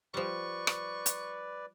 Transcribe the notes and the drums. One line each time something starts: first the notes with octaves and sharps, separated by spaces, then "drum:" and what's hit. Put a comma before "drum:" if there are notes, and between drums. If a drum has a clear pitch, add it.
F3 G3 B4 D5 C#6
drum: rim click
drum: hi-hat